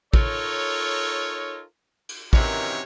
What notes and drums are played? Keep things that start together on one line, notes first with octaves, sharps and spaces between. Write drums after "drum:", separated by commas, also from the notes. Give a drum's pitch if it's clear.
D#4 F4 A4 A#4 C#5, drum: kick A1
drum: cymbal
F#2 C3 D#3 E3 A#4 C#5, drum: kick A1